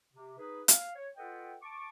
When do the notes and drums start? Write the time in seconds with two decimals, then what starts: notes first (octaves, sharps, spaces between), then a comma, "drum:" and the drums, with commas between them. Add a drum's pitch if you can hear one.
0.13 C3
0.38 D#4 G#4 B4
0.68 F5, drum: hi-hat
0.95 C#5
1.17 F4 A4 B4 D#5 F#5 G5
1.62 A5 C#6 D6